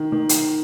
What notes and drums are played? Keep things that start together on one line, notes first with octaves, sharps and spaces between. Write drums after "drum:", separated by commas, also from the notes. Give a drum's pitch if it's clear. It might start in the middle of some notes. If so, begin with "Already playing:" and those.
Already playing: D#3
D#3
drum: hi-hat